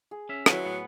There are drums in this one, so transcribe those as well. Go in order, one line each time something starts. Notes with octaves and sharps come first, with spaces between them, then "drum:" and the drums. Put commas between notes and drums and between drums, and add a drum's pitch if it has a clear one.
G#4
C#4 E5
F#3 E4 B4, drum: rim click
A2 B3 F#5